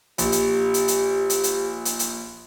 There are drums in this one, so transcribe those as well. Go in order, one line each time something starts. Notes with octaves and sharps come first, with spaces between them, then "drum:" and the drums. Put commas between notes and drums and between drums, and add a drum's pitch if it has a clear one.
A#1 G4, drum: hi-hat
drum: hi-hat
drum: hi-hat
drum: hi-hat
drum: hi-hat
drum: hi-hat
drum: hi-hat
drum: hi-hat